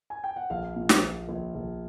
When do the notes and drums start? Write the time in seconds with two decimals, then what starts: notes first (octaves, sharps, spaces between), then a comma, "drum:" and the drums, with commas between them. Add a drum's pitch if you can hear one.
0.10 G#5
0.24 G5
0.36 F#5
0.50 A#1 F5
0.76 A#2
0.89 drum: snare
1.02 A#1
1.29 A#1
1.55 A#1